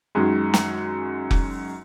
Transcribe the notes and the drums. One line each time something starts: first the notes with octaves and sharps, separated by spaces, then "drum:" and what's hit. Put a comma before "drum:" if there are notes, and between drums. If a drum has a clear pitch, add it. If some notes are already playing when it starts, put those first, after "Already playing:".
F#2 D#3 G#3
drum: snare
drum: kick F1